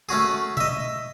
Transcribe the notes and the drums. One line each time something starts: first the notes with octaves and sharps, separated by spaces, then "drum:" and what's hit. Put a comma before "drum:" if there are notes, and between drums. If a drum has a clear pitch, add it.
A3 C#4 F#4 G#4
D#5 E5, drum: tom B2